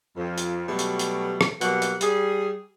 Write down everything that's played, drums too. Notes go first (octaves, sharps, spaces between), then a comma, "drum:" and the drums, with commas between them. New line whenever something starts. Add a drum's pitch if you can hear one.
F2
drum: hi-hat
B2 F#3 G3 A3
drum: hi-hat
drum: hi-hat
drum: rim click
B2 F#3 G3 A#3 F#5, drum: hi-hat
drum: hi-hat
G3 G#4, drum: hi-hat